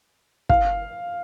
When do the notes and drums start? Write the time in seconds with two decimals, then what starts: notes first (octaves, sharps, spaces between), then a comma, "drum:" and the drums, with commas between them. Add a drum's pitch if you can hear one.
0.49 F5, drum: kick